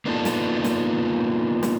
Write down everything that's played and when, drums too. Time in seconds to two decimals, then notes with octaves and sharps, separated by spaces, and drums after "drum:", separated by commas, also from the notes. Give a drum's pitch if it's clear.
0.05 A#3 B3 D4 D#4 F4 A4
0.25 drum: snare
0.64 drum: snare
1.63 drum: snare